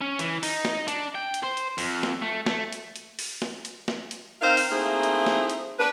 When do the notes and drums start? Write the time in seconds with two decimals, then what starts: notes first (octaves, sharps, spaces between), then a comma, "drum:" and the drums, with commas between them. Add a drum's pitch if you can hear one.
0.01 C#4
0.19 E3, drum: hi-hat
0.43 D#4, drum: open hi-hat
0.65 drum: snare
0.88 D4, drum: hi-hat
1.15 G5
1.34 drum: hi-hat
1.43 C5
1.57 drum: hi-hat
1.78 F2, drum: open hi-hat
2.03 drum: snare
2.22 A3
2.46 A3, drum: snare
2.72 drum: hi-hat
2.96 drum: hi-hat
3.19 drum: open hi-hat
3.42 drum: snare
3.65 drum: hi-hat
3.88 drum: snare
4.11 drum: hi-hat
4.42 C4 D#4 A#4 C5 F5
4.57 drum: open hi-hat
4.72 A3 A#3 C4 D#4 E4 G#4
5.03 drum: hi-hat
5.26 drum: snare
5.50 drum: hi-hat
5.79 D4 B4